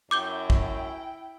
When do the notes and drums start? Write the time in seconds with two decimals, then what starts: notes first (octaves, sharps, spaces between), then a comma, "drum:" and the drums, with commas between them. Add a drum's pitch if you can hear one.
0.11 F#2 E4 G5 D6 G6 G7
0.50 drum: kick